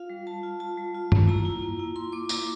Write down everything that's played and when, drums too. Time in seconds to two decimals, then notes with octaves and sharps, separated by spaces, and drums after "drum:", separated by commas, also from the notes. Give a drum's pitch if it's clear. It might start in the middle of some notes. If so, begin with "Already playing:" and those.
Already playing: F4 F5
0.10 G3
0.27 G3 A5
0.43 F4
0.60 F4 A5
0.77 G3
0.95 F4
1.12 A#3, drum: tom G2
1.28 E4 A#5
1.45 E4
1.62 A#3
1.79 E4
1.96 E4 C6
2.12 A#3 D6
2.29 E4 D6, drum: tambourine